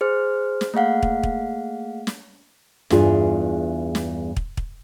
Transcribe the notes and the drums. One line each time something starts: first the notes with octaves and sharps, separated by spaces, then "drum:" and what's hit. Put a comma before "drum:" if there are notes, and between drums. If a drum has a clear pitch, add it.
G#4 C5 F6
drum: snare
A3 A#3 G#4 F5 F#5
drum: kick
drum: kick
drum: snare
E2 G2 E4 F4 G#4, drum: snare
drum: snare
drum: kick
drum: kick